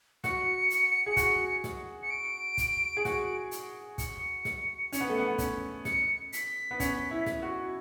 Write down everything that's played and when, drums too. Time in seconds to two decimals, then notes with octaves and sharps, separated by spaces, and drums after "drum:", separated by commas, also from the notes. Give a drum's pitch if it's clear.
0.24 F#4 C#7, drum: snare
0.70 drum: hi-hat
1.06 G#4
1.17 F#4, drum: kick, hi-hat
1.64 drum: snare
2.03 C#7
2.10 D7
2.58 drum: kick, hi-hat
2.97 G#4
3.05 F#4, drum: snare
3.51 drum: hi-hat
3.98 C#7, drum: kick, hi-hat
4.45 drum: snare
4.93 C#4, drum: hi-hat
5.01 B3
5.09 A3
5.18 B3
5.38 C#4, drum: kick, hi-hat
5.85 C#7, drum: snare
6.33 B6, drum: hi-hat
6.71 B3
6.80 C#4, drum: kick, hi-hat
7.11 E4
7.26 drum: snare
7.42 F#4